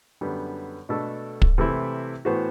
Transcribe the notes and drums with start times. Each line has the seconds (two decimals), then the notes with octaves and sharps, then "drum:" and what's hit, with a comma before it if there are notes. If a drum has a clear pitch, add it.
0.21 F#2 D3 G3 B3
0.89 B2 A3 D4 A4
1.42 drum: kick
1.58 C3 E3 A3 C4 E4
2.25 A2 E3 B3 F#4 C5